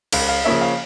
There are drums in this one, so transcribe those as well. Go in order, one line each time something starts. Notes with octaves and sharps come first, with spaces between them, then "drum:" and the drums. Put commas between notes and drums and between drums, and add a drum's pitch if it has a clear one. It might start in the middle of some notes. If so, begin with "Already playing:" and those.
C#2 F5, drum: cymbal
F5
C#3 F3 A#3 C#4 E5
F5